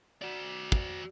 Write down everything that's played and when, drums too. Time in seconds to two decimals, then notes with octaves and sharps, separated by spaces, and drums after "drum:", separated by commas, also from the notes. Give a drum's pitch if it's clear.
0.22 F#4 D5
0.72 drum: kick